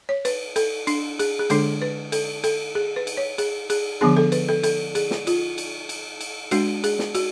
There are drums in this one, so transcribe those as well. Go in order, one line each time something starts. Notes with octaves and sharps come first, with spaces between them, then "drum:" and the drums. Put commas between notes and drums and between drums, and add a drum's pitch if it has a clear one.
C#5
B4, drum: cymbal
A4, drum: cymbal
D4, drum: cymbal
G#4, drum: cymbal
G#4
D3 G#3 D4 A4, drum: cymbal
B4
A4, drum: cymbal
A4, drum: cymbal
G#4
B4
drum: cymbal
C#5
G#4, drum: cymbal
G#4, drum: cymbal
D3 F3 B3 D4 G#4
A4
B4, drum: cymbal
A4
A4, drum: cymbal
G#4, drum: cymbal
drum: snare
F4, drum: cymbal
drum: cymbal
drum: cymbal
drum: cymbal
G#3 D4 F#4, drum: cymbal
G#4, drum: cymbal
drum: snare
F#4, drum: cymbal